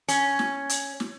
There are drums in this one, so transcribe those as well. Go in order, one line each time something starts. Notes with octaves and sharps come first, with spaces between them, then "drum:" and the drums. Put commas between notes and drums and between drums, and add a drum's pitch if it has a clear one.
C#4, drum: hi-hat
drum: snare
drum: hi-hat
drum: snare